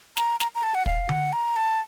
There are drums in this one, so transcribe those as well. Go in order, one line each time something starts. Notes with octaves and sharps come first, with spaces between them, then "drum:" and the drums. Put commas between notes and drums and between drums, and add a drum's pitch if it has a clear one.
A#5, drum: snare
A#5, drum: snare
A#5
A5
F#5
F5, drum: kick
F#5, drum: tom D3
A#5
A5